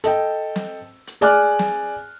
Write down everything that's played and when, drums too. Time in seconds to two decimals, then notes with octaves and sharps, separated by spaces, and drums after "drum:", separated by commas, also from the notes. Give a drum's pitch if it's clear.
0.04 A4 D#5 G5, drum: hi-hat
0.56 drum: snare
1.07 drum: hi-hat
1.21 G#4 D5 G#5 D6 F6 F#6
1.59 drum: snare